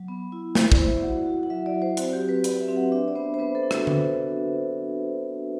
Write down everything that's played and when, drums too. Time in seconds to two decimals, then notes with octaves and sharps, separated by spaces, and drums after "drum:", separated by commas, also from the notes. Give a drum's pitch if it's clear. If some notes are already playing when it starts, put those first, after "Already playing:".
Already playing: F#3
0.08 B3
0.32 E4
0.55 E4 C5, drum: snare
0.72 D5, drum: kick
0.79 E4
0.87 E5
1.03 F#4 F#5
1.26 F#4
1.43 F#5
1.50 F#3 E5
1.66 D5
1.74 F#3
1.82 C5
1.97 C4 F#4, drum: hi-hat
2.13 G4
2.21 C4
2.29 B4
2.44 C4 D5, drum: hi-hat
2.61 E5
2.68 C4
2.76 F#5
2.92 D4 E5
3.08 D5
3.15 B3 C5
3.34 C5
3.39 B3 B4
3.55 A4
3.63 D4
3.71 F#4, drum: rim click
3.87 drum: tom D3